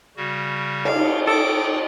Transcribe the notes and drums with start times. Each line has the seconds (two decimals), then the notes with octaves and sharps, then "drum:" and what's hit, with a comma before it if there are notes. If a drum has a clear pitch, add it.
0.17 C#3 G3 F#4
0.85 F5, drum: cymbal
1.27 A4 G5 D6 D#6